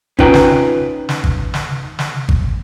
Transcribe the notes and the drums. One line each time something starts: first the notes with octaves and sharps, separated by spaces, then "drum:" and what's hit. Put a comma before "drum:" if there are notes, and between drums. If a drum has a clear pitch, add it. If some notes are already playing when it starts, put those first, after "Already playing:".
C#4 D#4 F4 B4 G5 A#5, drum: kick G#1
drum: snare
drum: snare
drum: kick G#1
drum: snare
drum: snare
drum: kick G#1